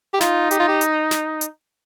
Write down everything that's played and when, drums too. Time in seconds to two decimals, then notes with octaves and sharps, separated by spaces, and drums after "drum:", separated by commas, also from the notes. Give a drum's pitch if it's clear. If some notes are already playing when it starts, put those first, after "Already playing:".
0.14 G4
0.21 D#4 F4, drum: snare
0.51 G4, drum: hi-hat
0.60 F4
0.68 G4
0.81 drum: hi-hat
1.11 drum: snare
1.41 drum: hi-hat